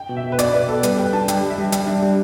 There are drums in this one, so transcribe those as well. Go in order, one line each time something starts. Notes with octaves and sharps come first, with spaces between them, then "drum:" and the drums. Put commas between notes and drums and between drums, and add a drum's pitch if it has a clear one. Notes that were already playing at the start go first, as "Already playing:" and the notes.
Already playing: G5
B2
E5
B2
B4
B2 D5, drum: hi-hat
B2 B4
B3 A4
G3 B4, drum: hi-hat
B4 G5
D4 A5
G3 G5, drum: hi-hat
G3
E5
G3
G3 G5, drum: hi-hat
D4 E5
G3 G5